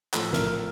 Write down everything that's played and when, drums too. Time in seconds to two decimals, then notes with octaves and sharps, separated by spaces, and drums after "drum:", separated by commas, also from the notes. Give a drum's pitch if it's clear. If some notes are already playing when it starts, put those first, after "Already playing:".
0.14 A2 F3 A4, drum: clap
0.33 A#4, drum: snare